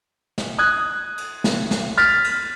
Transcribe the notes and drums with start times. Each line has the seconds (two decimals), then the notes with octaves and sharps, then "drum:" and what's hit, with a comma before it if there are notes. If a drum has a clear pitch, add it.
0.38 drum: snare
0.58 D#6 F#6 G#6
1.18 drum: cymbal
1.44 drum: snare
1.71 drum: snare
1.98 F6 A6 B6
2.24 drum: cymbal